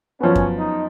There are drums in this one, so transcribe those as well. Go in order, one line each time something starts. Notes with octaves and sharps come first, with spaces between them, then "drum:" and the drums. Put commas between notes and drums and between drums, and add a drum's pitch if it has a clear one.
F#2 F3 B3 C#4
drum: kick F#2
D#4